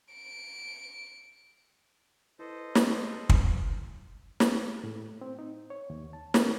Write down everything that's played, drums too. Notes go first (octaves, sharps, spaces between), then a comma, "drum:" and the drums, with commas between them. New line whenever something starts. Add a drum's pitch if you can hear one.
C#7 D7
E4 A4 B4 C5 D#5
drum: snare
drum: kick
drum: snare
A2
C4
D#4
C#5
D#2
A5
A#4, drum: snare